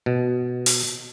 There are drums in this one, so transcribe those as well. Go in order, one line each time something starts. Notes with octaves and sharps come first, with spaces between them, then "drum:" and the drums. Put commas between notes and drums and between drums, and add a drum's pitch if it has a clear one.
B2
drum: open hi-hat